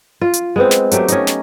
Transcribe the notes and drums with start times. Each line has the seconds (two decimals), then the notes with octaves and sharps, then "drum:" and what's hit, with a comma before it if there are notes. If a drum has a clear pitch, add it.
0.21 F4
0.33 drum: hi-hat
0.56 G#3 B3 C4
0.71 drum: snare
0.91 F#3 A3 G4, drum: hi-hat
1.08 C#4 D#4, drum: hi-hat
1.27 drum: snare